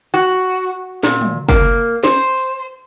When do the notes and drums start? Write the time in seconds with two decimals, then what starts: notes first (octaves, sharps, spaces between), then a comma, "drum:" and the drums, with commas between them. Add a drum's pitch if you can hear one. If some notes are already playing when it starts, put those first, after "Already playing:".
0.14 F#4
1.03 A#2, drum: snare
1.21 drum: tom
1.49 A#3, drum: kick
2.04 C5, drum: snare
2.38 drum: open hi-hat